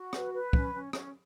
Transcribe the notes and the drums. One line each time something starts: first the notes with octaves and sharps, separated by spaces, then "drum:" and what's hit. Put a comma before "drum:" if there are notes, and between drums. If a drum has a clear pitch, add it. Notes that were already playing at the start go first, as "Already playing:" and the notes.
Already playing: F#4
B4, drum: rim click
B4
C#4, drum: kick
C#4
C#4, drum: rim click